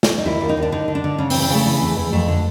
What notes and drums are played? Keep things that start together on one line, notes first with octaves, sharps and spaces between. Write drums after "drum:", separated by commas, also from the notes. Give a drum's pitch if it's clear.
drum: snare
D#4
D#2 E4
D#2
D#4
D#2
D4
D3 D#4
D3
D4
D3
C#3 C#4
C4, drum: open hi-hat
E3
C4
C#3 A3
E3
E2
E2
F2 A3
D3